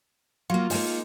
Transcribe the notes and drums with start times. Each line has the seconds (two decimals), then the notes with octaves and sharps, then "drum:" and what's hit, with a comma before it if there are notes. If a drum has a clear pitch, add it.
0.50 F#3 A#3 F4
0.70 G#3 A#3 D#4, drum: open hi-hat